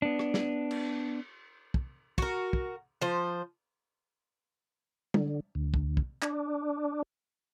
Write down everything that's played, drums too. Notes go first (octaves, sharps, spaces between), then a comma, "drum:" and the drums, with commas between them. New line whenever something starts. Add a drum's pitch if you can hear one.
B3 D4
drum: rim click
drum: snare
drum: cymbal
drum: kick
F#4 A#4, drum: kick
drum: kick
F3 C5
D3, drum: tom
D2
drum: kick
drum: kick
D4, drum: clap